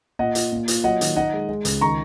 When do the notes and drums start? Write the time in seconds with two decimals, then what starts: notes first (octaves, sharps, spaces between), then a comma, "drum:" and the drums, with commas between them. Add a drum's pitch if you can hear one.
0.19 A#2 D#5 F#5
0.35 F4, drum: hi-hat
0.52 A#2
0.68 F4, drum: hi-hat
0.84 F#3 D#5 F#5
1.01 D#3, drum: hi-hat
1.16 D#4 D#5 F#5
1.33 G#3
1.49 G#3
1.65 C#2, drum: hi-hat
1.81 D#3 A#5 C#6